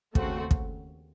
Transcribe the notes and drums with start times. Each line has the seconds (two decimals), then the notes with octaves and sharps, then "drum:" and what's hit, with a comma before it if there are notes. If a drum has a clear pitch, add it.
0.15 D#2 C#3 A3 C4 F#4, drum: kick
0.51 drum: kick